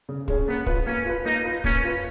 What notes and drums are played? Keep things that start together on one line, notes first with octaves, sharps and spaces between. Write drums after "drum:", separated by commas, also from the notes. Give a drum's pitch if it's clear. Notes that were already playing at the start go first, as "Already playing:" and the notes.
C#3
G#3 C#4 G#4, drum: kick
A#3 B3
F4 B4, drum: kick
A#3 C#4
F4 B4
A#3 D#4
F4 B4
A#3 C#4, drum: kick
F4 B4